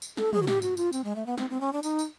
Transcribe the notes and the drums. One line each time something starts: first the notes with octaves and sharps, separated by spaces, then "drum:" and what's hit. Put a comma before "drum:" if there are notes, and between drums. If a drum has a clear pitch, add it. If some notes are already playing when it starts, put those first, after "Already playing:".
drum: tambourine
A4, drum: snare
G#4, drum: tom
F#4
G4, drum: snare
F#4, drum: tambourine
F4, drum: tambourine
C4, drum: tambourine
G#3
A3
B3
C4, drum: snare
C4
C#4
D4
D#4, drum: tambourine
drum: tambourine